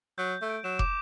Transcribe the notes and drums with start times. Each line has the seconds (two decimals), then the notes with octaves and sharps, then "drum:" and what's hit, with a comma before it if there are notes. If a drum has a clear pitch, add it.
0.18 F#3 G6
0.33 G6
0.42 A3
0.50 D7
0.64 F#3 E7
0.79 D6, drum: kick